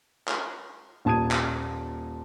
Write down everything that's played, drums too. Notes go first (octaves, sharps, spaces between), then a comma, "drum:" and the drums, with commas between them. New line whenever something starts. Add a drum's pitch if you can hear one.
drum: clap
D#1 A#2 A5 D#6 G#6 D#7
drum: clap